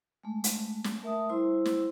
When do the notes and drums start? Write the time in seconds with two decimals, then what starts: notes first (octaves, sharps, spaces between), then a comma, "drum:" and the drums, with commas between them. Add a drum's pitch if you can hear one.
0.23 G#3 A3
0.44 drum: hi-hat
0.84 drum: snare
1.02 A3 A#4 E5 A5 D#6
1.29 G3 E4 C5 C6 E6
1.66 drum: snare